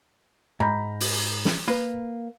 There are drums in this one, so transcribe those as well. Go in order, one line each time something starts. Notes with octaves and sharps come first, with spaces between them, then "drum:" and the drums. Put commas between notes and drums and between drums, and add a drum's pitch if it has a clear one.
G#2 A#5 B5 G6
drum: open hi-hat
drum: snare
A#3 B4